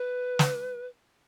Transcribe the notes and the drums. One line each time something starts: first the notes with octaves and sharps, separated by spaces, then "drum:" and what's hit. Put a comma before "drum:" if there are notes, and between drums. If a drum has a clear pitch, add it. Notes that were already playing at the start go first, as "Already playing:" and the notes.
Already playing: B4
drum: snare